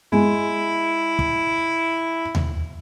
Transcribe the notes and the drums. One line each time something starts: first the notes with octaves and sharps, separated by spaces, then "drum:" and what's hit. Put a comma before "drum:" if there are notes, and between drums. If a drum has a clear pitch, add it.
G#3 E4
drum: kick
drum: tom D#2